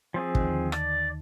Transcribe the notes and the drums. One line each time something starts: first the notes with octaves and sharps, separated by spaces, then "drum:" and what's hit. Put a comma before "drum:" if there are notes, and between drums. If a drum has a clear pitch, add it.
F3 C4 G#4
D#2 D3 D#3, drum: kick
D5 A5, drum: rim click